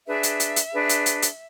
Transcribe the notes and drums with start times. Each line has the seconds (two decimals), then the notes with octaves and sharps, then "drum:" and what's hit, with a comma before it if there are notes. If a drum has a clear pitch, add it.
0.07 D4 G#4 B4 E5
0.23 drum: hi-hat
0.40 drum: hi-hat
0.56 drum: hi-hat
0.73 D4 G#4 B4
0.89 drum: hi-hat
1.06 drum: hi-hat
1.22 drum: hi-hat